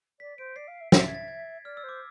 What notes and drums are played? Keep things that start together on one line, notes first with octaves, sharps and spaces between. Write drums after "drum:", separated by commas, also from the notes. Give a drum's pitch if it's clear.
D5 B6
C5 D7
D5 C7
F5
E5
E5 B6, drum: snare
A6
G#6
A6
G#6
D5 F6
E6
C5
D6